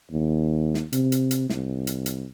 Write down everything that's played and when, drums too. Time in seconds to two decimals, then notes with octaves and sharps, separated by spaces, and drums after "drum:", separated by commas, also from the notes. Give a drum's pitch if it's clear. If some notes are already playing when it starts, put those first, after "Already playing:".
0.11 D#2
0.74 drum: snare
0.93 C3, drum: hi-hat
1.12 drum: hi-hat
1.31 drum: hi-hat
1.49 C2, drum: snare
1.87 drum: hi-hat
2.06 drum: hi-hat